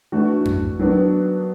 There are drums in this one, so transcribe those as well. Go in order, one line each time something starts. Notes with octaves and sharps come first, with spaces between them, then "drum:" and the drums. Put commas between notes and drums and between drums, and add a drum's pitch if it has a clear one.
E3 A3 D4 F#4
drum: tom F2
D#3 F#3 B3 D4 F#4